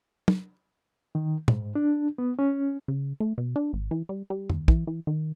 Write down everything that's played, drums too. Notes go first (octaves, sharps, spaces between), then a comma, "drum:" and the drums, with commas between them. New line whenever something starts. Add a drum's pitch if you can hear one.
drum: tom
D#3
G#2, drum: tom
D4
B3
C#4
C#3
A3
B2
D4
G#1
E3
G3
G3
D#2, drum: tom
E3, drum: kick
E3
D#3